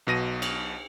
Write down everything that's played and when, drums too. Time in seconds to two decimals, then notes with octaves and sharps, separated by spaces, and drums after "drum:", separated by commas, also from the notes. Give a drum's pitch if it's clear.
0.07 B1 B2 A#6 D#7
0.42 drum: cymbal